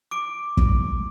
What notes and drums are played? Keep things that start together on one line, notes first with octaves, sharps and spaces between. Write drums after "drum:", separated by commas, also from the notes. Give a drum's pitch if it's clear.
D6 D7
drum: kick